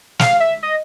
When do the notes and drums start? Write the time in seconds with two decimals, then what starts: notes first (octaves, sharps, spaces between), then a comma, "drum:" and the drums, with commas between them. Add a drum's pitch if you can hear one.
0.19 F5, drum: snare
0.40 E5
0.63 D#5